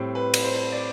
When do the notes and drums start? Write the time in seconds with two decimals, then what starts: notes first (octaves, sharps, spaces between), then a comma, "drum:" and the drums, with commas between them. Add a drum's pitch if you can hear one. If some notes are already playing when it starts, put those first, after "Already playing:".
Already playing: A2 G3 C4
0.15 B4
0.34 drum: cymbal
0.44 C5
0.72 D5